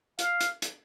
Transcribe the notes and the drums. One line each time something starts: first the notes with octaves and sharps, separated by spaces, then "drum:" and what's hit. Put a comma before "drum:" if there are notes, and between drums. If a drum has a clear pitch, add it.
F5, drum: hi-hat
drum: hi-hat
drum: hi-hat